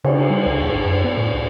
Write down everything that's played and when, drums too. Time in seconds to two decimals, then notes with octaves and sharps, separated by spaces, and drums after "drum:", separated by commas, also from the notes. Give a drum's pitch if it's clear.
0.04 C#3, drum: cymbal
0.30 G3
0.46 C2
0.59 D#1
0.72 G#1
0.85 F#2
1.04 B3
1.17 A2
1.34 C2